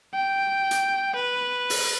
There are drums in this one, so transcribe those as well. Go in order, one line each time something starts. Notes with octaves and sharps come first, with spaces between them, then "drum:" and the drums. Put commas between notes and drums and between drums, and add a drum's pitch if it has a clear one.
G5
drum: hi-hat
B4
drum: open hi-hat